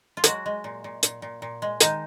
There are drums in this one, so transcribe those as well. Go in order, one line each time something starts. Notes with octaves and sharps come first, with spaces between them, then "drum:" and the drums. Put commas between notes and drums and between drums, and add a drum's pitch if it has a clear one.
F4
F#3 G#3 F#4, drum: hi-hat
G#3
A#2
A#2
A#2, drum: hi-hat
A#2
A#2
G#3
D#3 G#3 D#4, drum: hi-hat